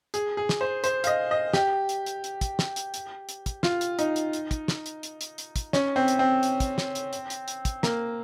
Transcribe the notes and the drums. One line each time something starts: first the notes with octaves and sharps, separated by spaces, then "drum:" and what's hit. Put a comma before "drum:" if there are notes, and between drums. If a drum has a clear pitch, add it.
G#4, drum: hi-hat
G#4
drum: snare
C5
C5, drum: hi-hat
F5, drum: hi-hat
D#5
D#5
G4, drum: snare
drum: hi-hat
drum: hi-hat
drum: hi-hat
drum: kick, hi-hat
drum: snare
drum: hi-hat
drum: hi-hat
drum: hi-hat
drum: kick, hi-hat
F4, drum: snare
drum: hi-hat
D#4, drum: hi-hat
drum: hi-hat
drum: hi-hat
drum: kick, hi-hat
drum: snare
drum: hi-hat
drum: hi-hat
drum: hi-hat
drum: hi-hat
drum: kick, hi-hat
C#4, drum: snare
C4
drum: hi-hat
C4
drum: hi-hat
drum: kick, hi-hat
drum: snare
drum: hi-hat
drum: hi-hat
drum: hi-hat
drum: hi-hat
drum: kick, hi-hat
A#3, drum: snare